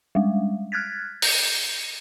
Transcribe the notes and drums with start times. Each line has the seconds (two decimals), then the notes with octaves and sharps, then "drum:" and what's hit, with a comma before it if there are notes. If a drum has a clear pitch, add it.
0.15 G3 G#3
0.72 F6 F#6 G#6 A6 B6
1.22 G6, drum: open hi-hat